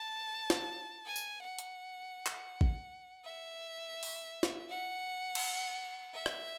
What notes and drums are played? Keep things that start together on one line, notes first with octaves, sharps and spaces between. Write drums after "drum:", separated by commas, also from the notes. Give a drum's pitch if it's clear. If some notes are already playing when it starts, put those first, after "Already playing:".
Already playing: A5
drum: snare
G#5
drum: tambourine
F#5
drum: hi-hat
drum: clap
drum: kick A1
E5
drum: open hi-hat
drum: snare
F#5
drum: cymbal
E5
drum: rim click